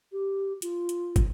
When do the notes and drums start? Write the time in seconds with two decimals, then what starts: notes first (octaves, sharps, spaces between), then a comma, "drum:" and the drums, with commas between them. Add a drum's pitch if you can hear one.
0.12 G4
0.62 F4, drum: hi-hat
0.89 drum: hi-hat
1.16 drum: kick, hi-hat